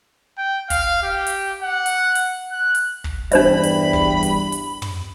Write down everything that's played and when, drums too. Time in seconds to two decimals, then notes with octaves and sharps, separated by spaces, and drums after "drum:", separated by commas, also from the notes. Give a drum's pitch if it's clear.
0.38 G5
0.70 F5, drum: kick, hi-hat
1.03 G4
1.26 drum: hi-hat
1.63 F#5
1.86 drum: hi-hat
2.15 drum: hi-hat
2.52 F#6
2.75 drum: hi-hat
3.04 drum: kick
3.32 E2 G2 G3 D4 C5 E5 B5, drum: hi-hat
3.63 drum: hi-hat
3.93 drum: kick
4.23 drum: hi-hat
4.52 drum: hi-hat
4.82 drum: tom